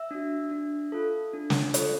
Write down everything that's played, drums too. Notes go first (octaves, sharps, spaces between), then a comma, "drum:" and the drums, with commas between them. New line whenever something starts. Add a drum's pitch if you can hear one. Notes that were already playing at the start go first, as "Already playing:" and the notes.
Already playing: E5 E6
D4 F#4
D4
F4 A4
D4
drum: snare
F4 A4, drum: hi-hat